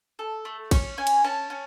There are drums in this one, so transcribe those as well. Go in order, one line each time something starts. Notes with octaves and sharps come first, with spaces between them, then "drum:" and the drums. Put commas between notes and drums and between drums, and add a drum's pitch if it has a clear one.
A4
A3
C#4 C#6, drum: kick, cymbal
C#4 G#5
drum: cymbal
C#4 A5
C#4